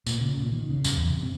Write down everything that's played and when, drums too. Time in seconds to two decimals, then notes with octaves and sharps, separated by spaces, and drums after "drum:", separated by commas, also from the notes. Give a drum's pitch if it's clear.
0.06 A#2, drum: tambourine
0.21 C#3
0.38 A#2
0.52 D#3
0.69 C#3
0.84 F#2, drum: tambourine
0.97 E2
1.10 C3
1.23 C4